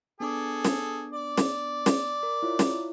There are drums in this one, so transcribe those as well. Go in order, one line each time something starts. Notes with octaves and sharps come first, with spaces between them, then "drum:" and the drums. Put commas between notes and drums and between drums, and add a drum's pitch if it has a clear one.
B3 D4 G#4 A4 D6
drum: snare
D5
drum: snare
drum: snare
A#4
E4 F4 C#5
drum: snare